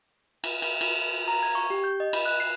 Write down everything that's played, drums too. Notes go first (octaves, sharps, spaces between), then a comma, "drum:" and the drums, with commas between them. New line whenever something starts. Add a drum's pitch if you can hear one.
drum: cymbal
drum: cymbal
drum: cymbal
A#5
G#6
C#6
G4
G6
D#5
B5, drum: cymbal
F#6
C7